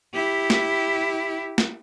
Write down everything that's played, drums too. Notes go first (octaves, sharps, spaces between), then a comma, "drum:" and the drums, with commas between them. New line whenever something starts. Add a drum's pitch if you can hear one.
E4 G4
drum: snare
drum: snare